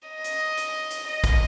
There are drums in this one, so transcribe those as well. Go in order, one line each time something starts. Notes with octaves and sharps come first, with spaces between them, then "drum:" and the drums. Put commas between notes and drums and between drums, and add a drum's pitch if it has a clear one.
D#5
drum: hi-hat
drum: hi-hat
drum: hi-hat
D#5
drum: kick A1, hi-hat